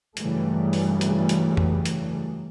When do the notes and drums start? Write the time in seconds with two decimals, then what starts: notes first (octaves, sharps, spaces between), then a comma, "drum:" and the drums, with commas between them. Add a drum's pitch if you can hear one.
0.17 G2 C#3 E3 F#3 G3 A3, drum: hi-hat
0.73 drum: open hi-hat
1.01 drum: hi-hat
1.29 drum: hi-hat
1.57 drum: tom F2
1.86 drum: hi-hat